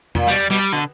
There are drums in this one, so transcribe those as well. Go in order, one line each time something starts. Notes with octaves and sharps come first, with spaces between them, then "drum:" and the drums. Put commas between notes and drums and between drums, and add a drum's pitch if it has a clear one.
A#2, drum: tom
B2 G3
B2 G3
B2 D3